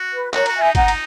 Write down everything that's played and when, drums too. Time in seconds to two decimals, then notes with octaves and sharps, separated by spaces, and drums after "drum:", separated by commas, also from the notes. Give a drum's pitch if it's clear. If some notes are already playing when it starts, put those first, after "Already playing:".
Already playing: F#4
0.14 B4
0.34 F#4 A#4 C#5, drum: clap
0.46 F#4 A#5, drum: cymbal
0.55 E5 G#5
0.62 D#4
0.75 D#4 F#5 A#5, drum: kick, cymbal
0.88 drum: cymbal